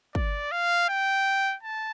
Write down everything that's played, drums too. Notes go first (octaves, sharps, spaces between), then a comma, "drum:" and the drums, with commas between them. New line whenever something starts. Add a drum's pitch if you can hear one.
D5, drum: kick
F5
G5
A5